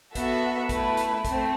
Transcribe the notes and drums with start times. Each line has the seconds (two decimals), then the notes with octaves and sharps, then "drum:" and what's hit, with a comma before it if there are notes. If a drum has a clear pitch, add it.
0.15 B3 F#4 A4 E5, drum: kick, hi-hat
0.69 A3 E4 B4, drum: kick, hi-hat
0.97 drum: hi-hat
1.25 A3 C4, drum: kick, hi-hat